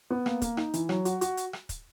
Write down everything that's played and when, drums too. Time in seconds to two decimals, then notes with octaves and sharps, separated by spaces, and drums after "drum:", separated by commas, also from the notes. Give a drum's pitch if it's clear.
0.10 B3
0.26 A#3, drum: rim click
0.42 A#3, drum: kick, hi-hat
0.57 D#4, drum: rim click
0.74 E3, drum: hi-hat
0.89 F#3, drum: rim click
1.05 F#4, drum: hi-hat
1.21 F#4, drum: hi-hat
1.37 drum: hi-hat
1.53 drum: rim click
1.69 drum: kick, hi-hat